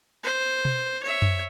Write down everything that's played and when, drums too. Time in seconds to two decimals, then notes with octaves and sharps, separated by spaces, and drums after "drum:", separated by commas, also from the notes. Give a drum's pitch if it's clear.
0.24 C5
0.65 drum: tom B2
1.03 C#5 E5
1.22 drum: tom F#2